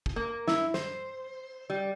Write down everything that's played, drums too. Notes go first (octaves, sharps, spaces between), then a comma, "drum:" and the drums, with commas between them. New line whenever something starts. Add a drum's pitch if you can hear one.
drum: kick
A#3
E4, drum: snare
C5, drum: snare
G3